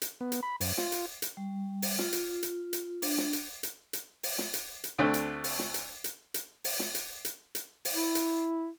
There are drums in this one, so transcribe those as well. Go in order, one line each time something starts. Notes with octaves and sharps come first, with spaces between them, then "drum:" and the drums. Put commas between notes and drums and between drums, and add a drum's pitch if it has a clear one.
drum: hi-hat
B3
drum: hi-hat
B5
F#2, drum: open hi-hat
F4, drum: snare
drum: hi-hat
drum: hi-hat
G3
drum: open hi-hat
F4, drum: snare
drum: hi-hat
drum: hi-hat
drum: hi-hat
D4, drum: open hi-hat
drum: snare
drum: hi-hat
drum: hi-hat
drum: hi-hat
drum: open hi-hat
drum: snare
drum: hi-hat
drum: hi-hat
D2 D3 A3 C4 D4
drum: hi-hat
drum: open hi-hat
drum: snare
drum: hi-hat
drum: hi-hat
drum: hi-hat
drum: open hi-hat
drum: snare
drum: hi-hat
drum: hi-hat
drum: hi-hat
drum: open hi-hat
E4
drum: hi-hat